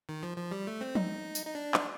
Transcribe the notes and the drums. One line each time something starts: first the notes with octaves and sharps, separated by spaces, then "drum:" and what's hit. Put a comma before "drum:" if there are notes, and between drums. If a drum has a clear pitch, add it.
D#3
F3
F3
G3
A3
C4
D#4, drum: tom
drum: tambourine
D#4
D4
drum: clap